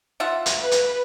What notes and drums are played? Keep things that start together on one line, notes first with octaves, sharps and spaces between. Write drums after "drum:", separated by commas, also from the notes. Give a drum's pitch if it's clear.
F4 E5 F#5
drum: hi-hat
B4
drum: hi-hat